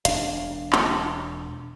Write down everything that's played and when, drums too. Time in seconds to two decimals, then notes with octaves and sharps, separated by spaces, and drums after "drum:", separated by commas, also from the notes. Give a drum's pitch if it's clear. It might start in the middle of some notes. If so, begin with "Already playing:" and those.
0.05 E1 D4 F5, drum: hi-hat
0.73 drum: clap